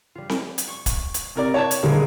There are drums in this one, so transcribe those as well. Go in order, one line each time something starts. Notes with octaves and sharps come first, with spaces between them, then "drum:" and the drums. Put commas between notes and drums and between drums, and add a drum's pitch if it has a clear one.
G3 F4
drum: snare C4
drum: hi-hat
C#6
drum: kick, hi-hat
drum: hi-hat
C3 A#4 D5
C#5 A5 G#6
drum: hi-hat
D#1 D3 G#3 A#4